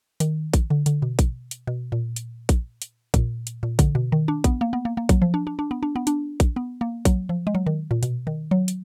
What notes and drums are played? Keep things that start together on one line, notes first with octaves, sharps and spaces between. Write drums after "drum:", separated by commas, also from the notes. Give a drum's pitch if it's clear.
D#3, drum: hi-hat
drum: kick A#1, hi-hat
D3
D3, drum: hi-hat
B2
drum: kick A#1, hi-hat
drum: hi-hat
B2
A#2
drum: hi-hat
drum: kick A#1, hi-hat
drum: hi-hat
A#2, drum: kick A#1, hi-hat
drum: hi-hat
A#2
D3, drum: kick A#1, hi-hat
B2
D#3
D4
B3, drum: kick A#1, hi-hat
A#3
B3
A#3
A#3
F#3, drum: kick A#1, hi-hat
F3
D4
D4
D4
B3
D4
B3
D4, drum: hi-hat
drum: kick A#1, hi-hat
B3
A#3
F#3, drum: kick A#1, hi-hat
F3
G#3
F#3
D#3
A#2
B2, drum: hi-hat
D#3
F#3
drum: hi-hat